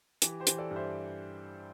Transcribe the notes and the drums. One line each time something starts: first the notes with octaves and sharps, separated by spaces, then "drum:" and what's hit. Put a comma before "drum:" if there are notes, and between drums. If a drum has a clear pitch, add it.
E3 G4, drum: hi-hat
G4 C5
E3, drum: hi-hat
A4 D5
G2
C5 E5